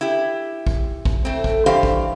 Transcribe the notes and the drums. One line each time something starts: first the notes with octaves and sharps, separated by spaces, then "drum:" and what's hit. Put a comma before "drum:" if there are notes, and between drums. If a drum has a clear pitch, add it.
E4 G4
drum: kick
drum: kick
A3 C4
drum: kick
G2 E3 G4 C5 F5
drum: kick